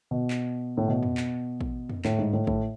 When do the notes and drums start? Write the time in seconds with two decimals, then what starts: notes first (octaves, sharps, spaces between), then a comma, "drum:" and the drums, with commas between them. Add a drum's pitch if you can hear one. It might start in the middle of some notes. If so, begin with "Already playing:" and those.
0.11 B2
0.30 drum: clap
0.77 A2
0.88 B2
1.03 drum: tom F2
1.17 drum: clap
1.61 drum: kick
1.90 drum: tom F2
2.05 A2, drum: clap
2.19 G#2
2.33 A2
2.47 A2, drum: kick